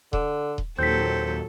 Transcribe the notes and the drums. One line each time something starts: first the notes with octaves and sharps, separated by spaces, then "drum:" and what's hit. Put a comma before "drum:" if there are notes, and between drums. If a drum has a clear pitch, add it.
D3, drum: kick D#1
drum: kick D#1
D#2 A#2 F#3 C4 A4 G6 B6